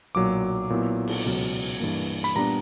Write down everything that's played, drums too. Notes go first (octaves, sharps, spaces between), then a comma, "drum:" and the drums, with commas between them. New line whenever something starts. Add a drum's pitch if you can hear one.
B1 A#2 F#3 D6
A#2 F#3 B3 E4
drum: cymbal
C#2 B2 F#3
G2 E3 A#3
B5, drum: hi-hat
A#2 G3 B3 D4 A#5